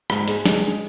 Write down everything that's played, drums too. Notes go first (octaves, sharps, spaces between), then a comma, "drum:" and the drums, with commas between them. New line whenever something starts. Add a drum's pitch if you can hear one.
G#2, drum: rim click
G#3, drum: hi-hat
G#3, drum: snare